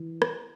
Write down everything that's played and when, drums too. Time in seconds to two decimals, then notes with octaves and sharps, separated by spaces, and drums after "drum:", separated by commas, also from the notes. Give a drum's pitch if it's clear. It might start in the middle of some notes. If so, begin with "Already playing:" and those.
Already playing: E3
0.22 drum: rim click